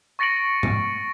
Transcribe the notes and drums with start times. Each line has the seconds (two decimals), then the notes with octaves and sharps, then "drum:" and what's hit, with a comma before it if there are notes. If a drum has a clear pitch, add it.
0.19 C#6 A6 A#6 C#7 D7 F#7
0.63 drum: tom G#2